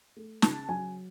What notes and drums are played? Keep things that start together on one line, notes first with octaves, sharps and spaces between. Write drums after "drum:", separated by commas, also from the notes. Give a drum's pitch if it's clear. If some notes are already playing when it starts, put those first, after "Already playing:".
A3
C#3 A5, drum: snare
F#3 G#5